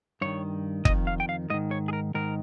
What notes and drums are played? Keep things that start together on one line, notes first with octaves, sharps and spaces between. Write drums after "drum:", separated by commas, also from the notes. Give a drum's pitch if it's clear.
G2 D#3 C#5
F2 D#3 D#5, drum: kick
F5
G5
F5
G#2 D#3 D#5
C#5
G#4
A#4
G#2 D#3 A#4